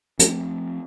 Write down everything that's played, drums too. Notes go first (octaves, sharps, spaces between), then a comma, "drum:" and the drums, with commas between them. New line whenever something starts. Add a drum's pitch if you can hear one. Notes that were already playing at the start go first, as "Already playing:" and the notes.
F3 A3 B3 C4, drum: hi-hat